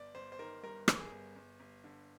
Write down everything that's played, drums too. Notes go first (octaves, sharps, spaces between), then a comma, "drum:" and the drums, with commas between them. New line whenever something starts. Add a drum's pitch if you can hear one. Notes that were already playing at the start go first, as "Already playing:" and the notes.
Already playing: G1 D5
G1 C5
C5
D#3 A#4
G2 A#4
G1, drum: rim click
G#4
G1
G1
G1
D3